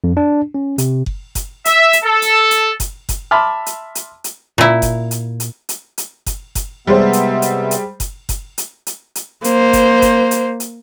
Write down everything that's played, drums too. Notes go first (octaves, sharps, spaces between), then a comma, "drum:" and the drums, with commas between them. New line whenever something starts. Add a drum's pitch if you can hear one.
F2
D4
C#4
C3, drum: hi-hat
drum: kick F#1
drum: kick F#1, hi-hat
E5, drum: hi-hat
drum: hi-hat
A4
drum: hi-hat
drum: hi-hat
drum: kick F#1, hi-hat
drum: kick F#1, hi-hat
E5 A5 B5 C6 D6 F6
drum: hi-hat
drum: hi-hat
drum: hi-hat
A#2 E4
drum: kick F#1, hi-hat
drum: hi-hat
drum: hi-hat
drum: hi-hat
drum: hi-hat
drum: kick F#1, hi-hat
drum: kick F#1, hi-hat
C3 G3 G#3 B3 C5 E5
drum: hi-hat
drum: hi-hat
drum: hi-hat
drum: kick F#1, hi-hat
drum: kick F#1, hi-hat
drum: hi-hat
drum: hi-hat
drum: hi-hat
A#3 C5, drum: hi-hat
drum: kick F#1, hi-hat
drum: kick F#1, hi-hat
drum: hi-hat
drum: hi-hat